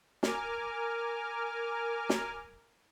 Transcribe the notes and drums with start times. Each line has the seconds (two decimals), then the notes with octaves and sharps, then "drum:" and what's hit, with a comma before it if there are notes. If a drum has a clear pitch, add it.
0.23 A#4 G#5 D6 F6, drum: snare
2.09 drum: snare